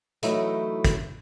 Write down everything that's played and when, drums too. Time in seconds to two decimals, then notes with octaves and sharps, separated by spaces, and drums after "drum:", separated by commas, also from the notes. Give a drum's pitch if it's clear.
0.23 E3 F#3 A3 D#4 E4, drum: hi-hat
0.85 drum: kick, hi-hat